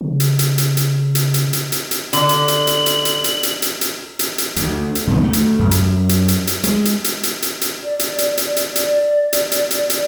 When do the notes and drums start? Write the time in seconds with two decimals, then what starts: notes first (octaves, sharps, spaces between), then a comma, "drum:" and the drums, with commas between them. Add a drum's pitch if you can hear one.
0.01 C#3
0.20 drum: hi-hat
0.39 drum: hi-hat
0.58 drum: hi-hat
0.77 drum: hi-hat
1.15 drum: hi-hat
1.34 drum: hi-hat
1.53 drum: hi-hat
1.72 drum: hi-hat
1.91 drum: hi-hat
2.13 D3 F#7, drum: hi-hat
2.29 drum: hi-hat
2.48 drum: hi-hat
2.67 drum: hi-hat
2.86 drum: hi-hat
3.05 drum: hi-hat
3.24 drum: hi-hat
3.43 drum: hi-hat
3.62 drum: hi-hat
3.81 drum: hi-hat
4.19 drum: hi-hat
4.38 drum: hi-hat
4.56 D2, drum: hi-hat
4.95 drum: hi-hat
5.07 D#2 G#2 C#3 B3
5.23 D2 A3
5.33 drum: hi-hat
5.59 F#2
5.71 drum: hi-hat
6.09 drum: hi-hat
6.28 drum: hi-hat
6.47 drum: hi-hat
6.64 G#3, drum: hi-hat
6.85 drum: hi-hat
7.04 drum: hi-hat
7.23 drum: hi-hat
7.42 drum: hi-hat
7.61 drum: hi-hat
7.84 D5
7.99 drum: hi-hat
8.18 drum: hi-hat
8.37 drum: hi-hat
8.47 D5
8.56 drum: hi-hat
8.76 drum: hi-hat
9.33 drum: hi-hat
9.52 drum: hi-hat
9.71 drum: hi-hat
9.90 drum: hi-hat